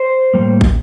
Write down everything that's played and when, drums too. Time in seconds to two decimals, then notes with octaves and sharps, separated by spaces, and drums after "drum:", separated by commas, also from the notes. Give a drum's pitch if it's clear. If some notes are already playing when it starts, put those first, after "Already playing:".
Already playing: C5
0.34 A2 G3 A#3
0.61 drum: kick